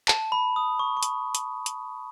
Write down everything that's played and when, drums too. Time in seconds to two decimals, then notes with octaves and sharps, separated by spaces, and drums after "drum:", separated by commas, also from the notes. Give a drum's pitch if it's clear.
0.08 A5, drum: clap
0.32 B5
0.56 D#6
0.79 C#6
0.97 C#6
1.03 B5, drum: hi-hat
1.35 drum: hi-hat
1.66 drum: hi-hat